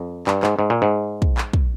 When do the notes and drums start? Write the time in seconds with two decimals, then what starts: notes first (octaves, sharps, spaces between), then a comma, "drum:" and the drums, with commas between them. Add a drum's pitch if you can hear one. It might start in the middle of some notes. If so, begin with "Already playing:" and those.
Already playing: F2
0.27 G2, drum: clap
0.43 G#2, drum: clap
0.59 G#2
0.70 A#2
0.82 G#2
1.22 drum: kick
1.38 drum: clap
1.53 drum: kick